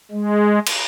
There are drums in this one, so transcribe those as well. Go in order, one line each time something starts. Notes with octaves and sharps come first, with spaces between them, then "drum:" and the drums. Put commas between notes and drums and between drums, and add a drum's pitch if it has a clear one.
G#3
drum: cymbal